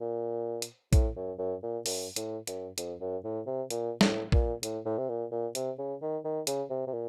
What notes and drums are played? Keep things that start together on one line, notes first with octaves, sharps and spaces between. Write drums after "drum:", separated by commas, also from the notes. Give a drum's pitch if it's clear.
A#2
drum: hi-hat
A2, drum: kick, hi-hat
F#2
F#2
A#2
F#2, drum: open hi-hat
A2, drum: hi-hat
F#2, drum: hi-hat
F2, drum: hi-hat
F#2
A2
C3
A#2, drum: hi-hat
A2, drum: snare
A#2, drum: kick
A2, drum: hi-hat
A2
C3
A#2
A#2
C3, drum: hi-hat
C#3
D#3
D#3
C#3, drum: hi-hat
C3
C3
A#2